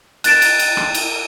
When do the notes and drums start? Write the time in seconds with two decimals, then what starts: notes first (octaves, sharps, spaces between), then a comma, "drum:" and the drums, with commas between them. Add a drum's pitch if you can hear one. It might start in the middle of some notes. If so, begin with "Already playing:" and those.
0.24 F#6 A6 D7 E7, drum: cymbal
0.42 drum: cymbal
0.59 drum: cymbal
0.77 drum: rim click
0.95 drum: cymbal